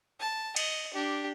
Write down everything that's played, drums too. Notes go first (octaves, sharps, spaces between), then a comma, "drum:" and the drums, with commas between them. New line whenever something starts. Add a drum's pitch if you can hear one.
A5
D#5, drum: cymbal
D4 G4